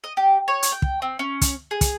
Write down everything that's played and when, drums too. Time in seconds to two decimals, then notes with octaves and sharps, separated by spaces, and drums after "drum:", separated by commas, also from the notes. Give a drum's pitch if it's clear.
0.04 D#5
0.17 G4
0.48 C#5
0.63 drum: hi-hat
0.72 G5
0.82 drum: kick
1.02 C4
1.19 C#4
1.41 drum: kick, hi-hat
1.71 G#4
1.81 drum: kick, hi-hat